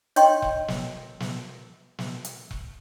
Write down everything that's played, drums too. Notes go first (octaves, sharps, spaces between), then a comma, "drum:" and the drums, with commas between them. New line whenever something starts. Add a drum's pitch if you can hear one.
C#5 D#5 G5 C6, drum: hi-hat
drum: kick E1
drum: snare
drum: snare
drum: snare
drum: hi-hat
drum: kick E1